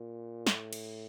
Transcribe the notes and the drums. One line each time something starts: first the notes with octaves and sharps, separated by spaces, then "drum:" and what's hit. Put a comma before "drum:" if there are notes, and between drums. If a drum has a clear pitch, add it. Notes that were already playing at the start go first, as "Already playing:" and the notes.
Already playing: A#2
A2, drum: snare
drum: cymbal